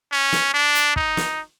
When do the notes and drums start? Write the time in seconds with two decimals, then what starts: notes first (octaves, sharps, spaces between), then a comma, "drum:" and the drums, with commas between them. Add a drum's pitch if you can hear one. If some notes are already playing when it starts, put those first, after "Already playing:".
0.12 C#4
0.33 drum: snare
0.54 D4
0.75 drum: hi-hat
0.96 D#4, drum: kick
1.17 drum: snare